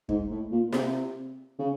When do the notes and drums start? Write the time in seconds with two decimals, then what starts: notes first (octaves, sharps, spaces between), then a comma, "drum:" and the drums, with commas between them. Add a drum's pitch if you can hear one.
0.09 G#2, drum: kick
0.30 A2
0.52 A#2
0.72 C3, drum: snare
1.59 C#3